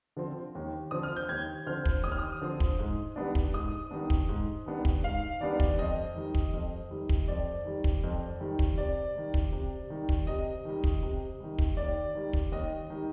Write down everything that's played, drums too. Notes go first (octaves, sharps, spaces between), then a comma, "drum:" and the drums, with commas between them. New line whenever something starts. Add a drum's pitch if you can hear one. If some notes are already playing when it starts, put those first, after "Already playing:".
D3 F3 C4
D#2
D3 F3 C4 D#6
F6
G6
D#2 G#6
D3 F3 C4 F6
drum: kick
D#2 D#6
F6
D#6
D3 F3 C4
drum: kick
G#2
D#3 G3 B3 D4
drum: kick
G#2 D#6
D#3 G3 B3 D4
drum: kick
G#2
D#3 G3 B3 D4
drum: kick
G#2 F5
D#3 G3 B3 D4 D5
drum: kick
F2 D#5
D#3 G3
drum: kick
F2
D#3 G3
drum: kick
F2 D5
D#3 G3
drum: kick
F2
D#3 G3
drum: kick
C3 D5
D#3 G3
drum: kick
C3
D#3 G3
drum: kick
C3 D#5
D#3 G3
drum: kick
C3
D#3 G3
drum: kick
D#2 D5
D#3 G3
drum: kick
D#2 D#5
D#3 G3